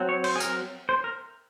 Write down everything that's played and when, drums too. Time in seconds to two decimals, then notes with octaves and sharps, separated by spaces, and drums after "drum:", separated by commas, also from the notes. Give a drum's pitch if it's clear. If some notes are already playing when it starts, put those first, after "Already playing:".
Already playing: F#3 C4
0.09 C#5
0.24 C5, drum: cymbal
0.36 G#4
0.40 A#4, drum: tambourine
0.89 C5
1.04 A#4